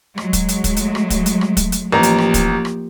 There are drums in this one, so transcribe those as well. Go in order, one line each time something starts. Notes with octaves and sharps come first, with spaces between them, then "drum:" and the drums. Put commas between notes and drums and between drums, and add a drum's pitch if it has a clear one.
F#3 G#3, drum: rim click
drum: kick, hi-hat
drum: hi-hat
drum: kick, hi-hat
A3, drum: hi-hat
drum: rim click
drum: kick, hi-hat
drum: hi-hat
drum: rim click
drum: kick, hi-hat
drum: hi-hat
A1 F3 A#3 G4 A#5
drum: hi-hat
drum: rim click
drum: kick, hi-hat
drum: rim click